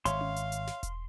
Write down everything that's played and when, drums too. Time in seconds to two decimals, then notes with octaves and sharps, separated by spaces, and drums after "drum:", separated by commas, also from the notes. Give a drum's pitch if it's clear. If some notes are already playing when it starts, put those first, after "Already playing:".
0.05 G#1 C#5 E5 F5 C6, drum: hi-hat
0.21 drum: tom C#4
0.36 drum: hi-hat
0.52 drum: hi-hat
0.67 drum: snare
0.83 drum: kick E1, hi-hat